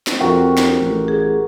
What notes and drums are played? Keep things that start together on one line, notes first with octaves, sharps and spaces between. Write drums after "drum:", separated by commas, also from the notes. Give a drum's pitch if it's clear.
drum: snare
F2 F#4 G4 A#4
drum: snare
A1
G#4